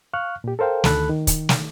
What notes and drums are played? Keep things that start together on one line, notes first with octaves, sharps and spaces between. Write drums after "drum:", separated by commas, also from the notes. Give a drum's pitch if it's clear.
F5 C#6 F6 F#6
A#2 G4
A4 A#4 C5 F5 G5
D2 D#3 A4 B5 F#6, drum: snare
D#3
drum: kick, hi-hat
drum: snare